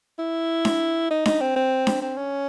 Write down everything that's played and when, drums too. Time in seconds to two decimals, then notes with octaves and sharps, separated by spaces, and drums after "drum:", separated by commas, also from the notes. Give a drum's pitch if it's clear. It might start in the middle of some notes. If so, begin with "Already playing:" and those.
0.19 E4
0.65 drum: snare D4
1.10 D#4
1.26 D#4, drum: snare D4
1.41 C4
1.56 C4
1.87 drum: snare D4
2.02 C4
2.17 C#4